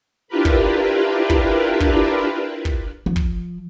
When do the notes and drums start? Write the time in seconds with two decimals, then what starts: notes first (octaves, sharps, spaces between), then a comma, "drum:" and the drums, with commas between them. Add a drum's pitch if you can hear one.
0.28 D4 E4 F4 G4 A#4 B4
0.45 drum: kick
1.30 drum: kick
1.80 drum: kick
2.65 drum: kick
3.06 F3
3.16 drum: kick